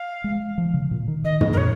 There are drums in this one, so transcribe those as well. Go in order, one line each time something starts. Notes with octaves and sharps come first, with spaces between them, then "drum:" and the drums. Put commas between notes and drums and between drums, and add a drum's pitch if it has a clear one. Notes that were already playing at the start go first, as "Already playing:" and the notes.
Already playing: F5
G#3
F3
C#3
A#2
D#3
D#3 D#5
drum: tom
A#4
A#2 C#5